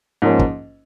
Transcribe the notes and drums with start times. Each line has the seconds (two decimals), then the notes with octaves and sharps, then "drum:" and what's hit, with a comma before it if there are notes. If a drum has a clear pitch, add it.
0.22 G#2 F3 A#3 C#4
0.39 drum: kick